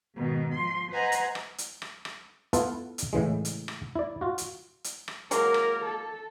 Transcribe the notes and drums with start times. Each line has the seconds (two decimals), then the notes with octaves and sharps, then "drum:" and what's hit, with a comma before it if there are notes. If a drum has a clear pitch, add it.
0.15 G#2 B2 D#3
0.55 F3 C6
0.92 B4 C5 D#5 F#5 G#5 A#5
1.12 drum: hi-hat
1.35 drum: rim click
1.58 drum: hi-hat
1.82 drum: rim click
2.05 drum: rim click
2.53 B3 E4 F4 A4 B4 A5, drum: hi-hat
2.98 drum: hi-hat
3.13 A2 C#3 E3 G#3
3.45 drum: hi-hat
3.68 drum: rim click
3.96 E4 D5
4.21 F4 F#4
4.38 drum: hi-hat
4.84 drum: hi-hat
5.08 drum: rim click
5.31 F#3 G#3 A#3 A#4, drum: hi-hat
5.54 drum: rim click
5.84 A4